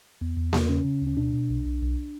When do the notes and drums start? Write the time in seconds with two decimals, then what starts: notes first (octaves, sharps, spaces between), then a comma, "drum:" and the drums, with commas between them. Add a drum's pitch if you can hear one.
0.21 E2 B3
0.37 E2
0.53 E2, drum: snare A#3
0.69 C#3 C#4
0.85 C#3
1.02 D2
1.07 C#4
1.17 B2 D4
1.33 B2
1.50 B1
1.66 B1
1.82 B1